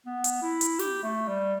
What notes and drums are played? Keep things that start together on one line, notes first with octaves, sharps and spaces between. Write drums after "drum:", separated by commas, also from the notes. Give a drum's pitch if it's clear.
B3
drum: hi-hat
E4
drum: hi-hat
G4, drum: snare
A3
G3